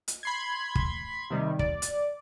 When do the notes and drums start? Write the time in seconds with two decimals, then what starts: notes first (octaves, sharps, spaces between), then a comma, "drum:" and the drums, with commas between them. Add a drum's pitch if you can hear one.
0.08 drum: hi-hat
0.23 B5 C6 G#6
0.75 drum: kick
1.30 C3 D#3 G3
1.59 D5, drum: kick
1.82 drum: hi-hat